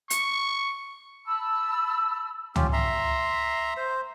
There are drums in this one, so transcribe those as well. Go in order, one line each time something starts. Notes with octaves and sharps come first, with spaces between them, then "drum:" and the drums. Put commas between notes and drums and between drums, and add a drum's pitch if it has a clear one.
C#6, drum: hi-hat
A5 B5 E6
C#4 F4 G4, drum: tom C#2
E5 A#5 C6
C5